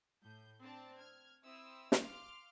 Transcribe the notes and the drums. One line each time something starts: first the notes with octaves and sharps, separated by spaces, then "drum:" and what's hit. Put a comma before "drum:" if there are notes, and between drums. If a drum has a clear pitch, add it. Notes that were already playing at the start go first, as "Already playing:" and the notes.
A2 G6
C4 D4 A5
F6 G#6
C4 E4 D#6 E6
F5 C6 D6 F6, drum: snare